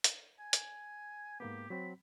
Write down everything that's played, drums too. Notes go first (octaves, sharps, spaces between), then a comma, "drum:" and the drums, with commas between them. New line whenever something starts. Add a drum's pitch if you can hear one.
drum: hi-hat
G#5
drum: hi-hat
G#2 A#3 B3 G4
F#3 C4 B5